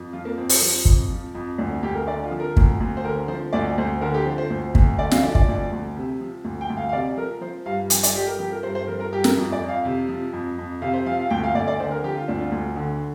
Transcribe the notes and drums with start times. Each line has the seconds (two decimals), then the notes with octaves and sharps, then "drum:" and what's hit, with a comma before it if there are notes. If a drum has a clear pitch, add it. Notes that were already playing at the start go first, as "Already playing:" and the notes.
Already playing: F2
0.13 F3 F4
0.25 A#3
0.37 F2 C4
0.49 C5, drum: open hi-hat
0.62 F3
0.85 F2, drum: kick
1.10 F3
1.35 F2
1.58 D2 D4
1.83 D2 G4
1.95 A#4
2.07 D3 D5
2.24 F4
2.31 F3
2.40 A#4
2.57 D2, drum: kick
2.80 D2
2.97 C5
3.04 D3 A#4
3.28 F3 C5
3.53 D2 D5
3.78 D2 C5
4.01 D3 A#4
4.14 G4
4.26 F3 C5
4.38 C5
4.50 D2
4.75 D2, drum: kick
4.99 D3 D5
5.11 F5, drum: snare
5.23 F3 D5
5.35 D5, drum: kick
5.48 D2
5.72 D2
5.96 C3
6.21 F3
6.44 D2
6.61 G5
6.70 D2
6.77 F5
6.89 F5
6.93 C3 D5
7.17 F3 A#4
7.41 F3 C5
7.66 G2 F5
7.90 F3 G5, drum: hi-hat
8.03 D5, drum: hi-hat
8.15 G2 G4
8.27 A#4
8.39 F3 G4
8.52 A#4
8.63 G2 C5
8.75 C5
8.87 F3 A#4
9.00 A#4
9.12 G2 G4
9.24 A#4, drum: snare
9.36 F2
9.52 D5
9.61 F2
9.68 F5
9.85 C3
10.09 F3
10.33 F2
10.58 F2
10.82 C3 F5
10.94 C5
11.06 F3 F5
11.19 F5
11.30 D2 G5
11.44 F5
11.54 D2 D5
11.68 D5
11.80 D3 C5
11.91 A#4
12.03 F3 G4
12.15 F4
12.28 D2 D4
12.40 F4
12.52 D2
12.76 D3